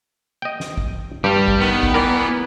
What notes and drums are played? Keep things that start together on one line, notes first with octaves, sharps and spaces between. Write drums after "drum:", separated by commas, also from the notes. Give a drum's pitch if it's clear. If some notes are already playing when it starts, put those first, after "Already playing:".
D#5 G5
drum: snare
drum: kick
G2 G3 G4
drum: kick
D#3 B3
drum: kick
E3 A#4 D5